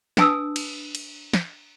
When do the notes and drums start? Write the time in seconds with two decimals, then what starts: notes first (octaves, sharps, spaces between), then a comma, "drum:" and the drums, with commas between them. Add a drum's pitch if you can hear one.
0.17 D4 B4 G#5 A5 D#6 E6, drum: snare
0.56 drum: cymbal
0.95 drum: cymbal
1.33 drum: snare